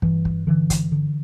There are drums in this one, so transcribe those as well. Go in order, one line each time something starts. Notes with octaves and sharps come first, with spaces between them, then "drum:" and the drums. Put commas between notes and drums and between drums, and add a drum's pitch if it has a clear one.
G2 E3, drum: kick
drum: kick
D3 E3
drum: kick, hi-hat
D3